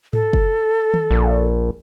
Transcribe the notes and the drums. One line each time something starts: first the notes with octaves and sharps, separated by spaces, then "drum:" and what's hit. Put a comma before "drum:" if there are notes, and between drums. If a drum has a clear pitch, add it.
A4, drum: tom G#2
drum: kick
drum: tom D#3
A#1